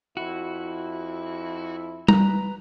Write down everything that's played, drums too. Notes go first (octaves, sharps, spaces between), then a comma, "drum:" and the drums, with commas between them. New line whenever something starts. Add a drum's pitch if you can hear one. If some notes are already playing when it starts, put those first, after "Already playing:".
F2 E4 F#4
B4 A#5, drum: tom G3